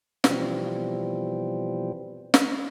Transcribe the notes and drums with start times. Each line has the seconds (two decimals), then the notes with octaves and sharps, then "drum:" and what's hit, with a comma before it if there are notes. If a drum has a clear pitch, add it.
0.24 B2 E3 F3 G3 C4, drum: snare
2.34 drum: snare